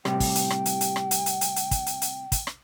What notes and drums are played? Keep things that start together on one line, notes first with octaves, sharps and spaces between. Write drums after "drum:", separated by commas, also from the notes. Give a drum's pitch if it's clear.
A2 C3 G3 G5, drum: rim click
drum: kick, open hi-hat
drum: hi-hat
drum: rim click
drum: hi-hat
drum: hi-hat
drum: rim click
drum: hi-hat
drum: hi-hat
drum: hi-hat
drum: hi-hat
drum: kick, hi-hat
drum: hi-hat
drum: hi-hat
drum: kick, hi-hat
drum: rim click